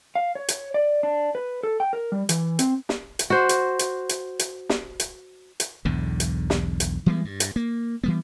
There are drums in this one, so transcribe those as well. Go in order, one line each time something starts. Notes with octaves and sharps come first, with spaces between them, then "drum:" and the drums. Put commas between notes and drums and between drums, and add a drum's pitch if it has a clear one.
F5
C#5
drum: hi-hat
D5
D4
B4
A4
G5
A#4
G3
E3, drum: hi-hat
C4, drum: hi-hat
drum: snare
drum: hi-hat
F#4 C5
drum: hi-hat
drum: hi-hat
drum: hi-hat
drum: hi-hat
drum: snare
drum: hi-hat
drum: hi-hat
B1 E2 G#2 D3
drum: hi-hat
drum: snare
drum: hi-hat
E3 G3 G#3 B3
G2
drum: hi-hat
A#3
E3 G3 B3